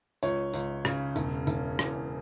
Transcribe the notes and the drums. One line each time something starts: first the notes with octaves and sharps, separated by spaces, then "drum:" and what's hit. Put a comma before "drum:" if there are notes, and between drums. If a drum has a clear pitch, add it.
C#2 C#5, drum: tambourine
C#2, drum: tambourine
C#3, drum: rim click
E1, drum: tambourine
E1, drum: tambourine
E2, drum: rim click